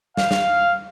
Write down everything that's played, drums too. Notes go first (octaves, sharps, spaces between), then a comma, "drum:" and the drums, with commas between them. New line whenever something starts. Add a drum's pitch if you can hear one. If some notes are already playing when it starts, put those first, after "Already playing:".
F5, drum: snare
drum: snare